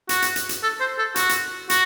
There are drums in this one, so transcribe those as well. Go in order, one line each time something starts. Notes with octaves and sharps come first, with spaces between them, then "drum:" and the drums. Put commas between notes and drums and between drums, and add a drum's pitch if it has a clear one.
F#4, drum: hi-hat
drum: hi-hat
drum: hi-hat
drum: hi-hat
A4
C5
A4
F#4, drum: hi-hat
drum: hi-hat
F#4, drum: hi-hat